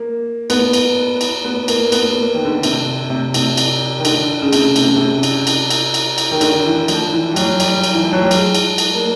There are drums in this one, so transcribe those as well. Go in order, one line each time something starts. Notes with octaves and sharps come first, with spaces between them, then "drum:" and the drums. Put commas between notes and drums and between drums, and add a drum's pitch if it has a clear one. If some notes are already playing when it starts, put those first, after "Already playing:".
Already playing: A#3
B3, drum: cymbal
drum: cymbal
drum: cymbal
B3
A#3, drum: cymbal
B3, drum: cymbal
A#3
D#3
D3
C3, drum: cymbal
C3
C3, drum: cymbal
drum: cymbal
D#3
D3, drum: cymbal
C#3
C3, drum: cymbal
C3, drum: cymbal
C#3
C3
drum: cymbal
drum: cymbal
drum: cymbal
drum: cymbal
drum: cymbal
D#3
D3, drum: cymbal
E3
F3, drum: cymbal
E3
G3
F#3, drum: cymbal
G3, drum: cymbal
drum: cymbal
E3
F3
F#3
G3
G#3, drum: cymbal
drum: cymbal
drum: cymbal
A#3